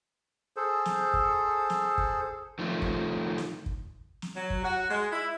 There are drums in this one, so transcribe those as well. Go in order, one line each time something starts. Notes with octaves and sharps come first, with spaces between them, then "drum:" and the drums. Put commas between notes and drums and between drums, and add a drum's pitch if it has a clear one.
G#4 A4 C5
drum: snare
drum: kick
drum: snare
drum: kick
D#3 F3 A3
drum: kick
drum: snare
drum: kick
drum: snare
F#3
drum: kick
F#4
G#3
E4